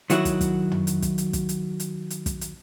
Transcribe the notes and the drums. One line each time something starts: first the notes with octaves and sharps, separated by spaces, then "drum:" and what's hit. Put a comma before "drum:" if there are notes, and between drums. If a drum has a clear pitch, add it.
D#3 F#3 E4 F#4, drum: hi-hat
drum: kick, hi-hat
drum: kick, hi-hat
drum: tom
drum: hi-hat
drum: kick, hi-hat
drum: hi-hat
drum: kick, hi-hat
drum: hi-hat
drum: hi-hat
drum: hi-hat
drum: kick, hi-hat
drum: hi-hat